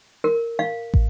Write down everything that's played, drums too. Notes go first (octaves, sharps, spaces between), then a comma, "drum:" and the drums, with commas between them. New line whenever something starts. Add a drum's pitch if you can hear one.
A#4
F5
drum: kick